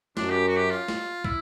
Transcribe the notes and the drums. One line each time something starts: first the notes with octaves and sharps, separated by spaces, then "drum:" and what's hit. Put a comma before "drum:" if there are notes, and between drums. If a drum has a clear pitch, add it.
F#2 D4, drum: snare
G4
F#4
G4
F4
drum: snare
E4, drum: kick